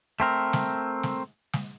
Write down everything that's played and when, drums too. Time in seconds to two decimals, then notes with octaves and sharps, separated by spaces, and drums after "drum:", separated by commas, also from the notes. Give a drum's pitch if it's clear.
0.20 A3 C4 A#4
0.53 drum: snare
1.03 drum: snare
1.53 drum: snare